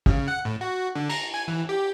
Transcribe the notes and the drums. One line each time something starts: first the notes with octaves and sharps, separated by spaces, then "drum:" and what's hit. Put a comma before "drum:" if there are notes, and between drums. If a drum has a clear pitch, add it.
C#3, drum: kick
F#5
A2
F#4
D3
A#5, drum: cymbal
G#5
E3
G4